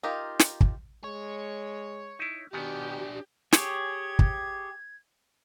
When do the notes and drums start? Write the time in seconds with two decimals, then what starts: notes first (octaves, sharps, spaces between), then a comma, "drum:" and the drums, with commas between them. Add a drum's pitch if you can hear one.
0.03 D#4 F4 G4 A#4
0.39 drum: snare
0.61 drum: kick
1.04 G#3 C#5
2.19 D#4 E4
2.54 B2 D#3 B3 D4 G4 G#4
3.53 G4 G#4 C#5 G#6, drum: snare
4.19 drum: kick